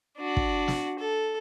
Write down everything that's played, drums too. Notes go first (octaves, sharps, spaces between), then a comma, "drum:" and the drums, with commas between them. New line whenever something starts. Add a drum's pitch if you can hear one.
D4 F#4
drum: kick
drum: snare
A4